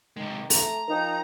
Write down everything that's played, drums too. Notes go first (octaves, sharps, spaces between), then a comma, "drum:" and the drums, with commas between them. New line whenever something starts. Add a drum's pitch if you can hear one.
C3 D#3 G#3
A3 A#5, drum: open hi-hat
F3 D#4 A#4 G5